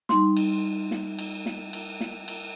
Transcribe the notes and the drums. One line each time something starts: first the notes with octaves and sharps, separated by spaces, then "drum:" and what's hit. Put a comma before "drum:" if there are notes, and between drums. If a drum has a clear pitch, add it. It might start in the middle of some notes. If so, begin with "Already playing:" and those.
G3 D#4 C6, drum: snare
drum: cymbal
drum: snare
drum: cymbal
drum: snare
drum: cymbal
drum: snare
drum: cymbal